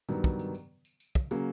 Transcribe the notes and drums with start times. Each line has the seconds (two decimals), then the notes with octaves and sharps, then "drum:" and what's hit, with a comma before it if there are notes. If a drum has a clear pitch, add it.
0.09 G2 D#3 F#3 B3, drum: tambourine
0.24 drum: kick, tambourine
0.39 drum: tambourine
0.55 drum: tambourine
0.85 drum: tambourine
1.00 drum: tambourine
1.15 drum: kick, tambourine
1.31 C#3 F#3 A#3, drum: tambourine